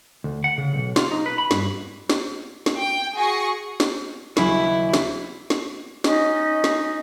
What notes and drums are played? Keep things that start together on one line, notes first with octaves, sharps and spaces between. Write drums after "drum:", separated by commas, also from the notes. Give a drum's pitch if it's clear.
D2
F#5
C#3
B1
F4, drum: snare
D#4
B4
B5
G2, drum: snare
drum: snare
drum: snare
G5
F#4 G#4 G#5 C#6 A#6 C7
drum: snare
D#2 C#3 F#3 E4, drum: snare
drum: snare
drum: snare
C#4 D#4 D#5, drum: snare
drum: snare